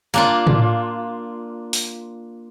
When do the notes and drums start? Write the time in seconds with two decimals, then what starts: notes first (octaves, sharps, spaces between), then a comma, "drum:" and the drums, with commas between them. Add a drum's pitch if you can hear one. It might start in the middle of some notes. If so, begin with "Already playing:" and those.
0.14 A#3 D4 F4
0.47 drum: tom A2
1.73 drum: open hi-hat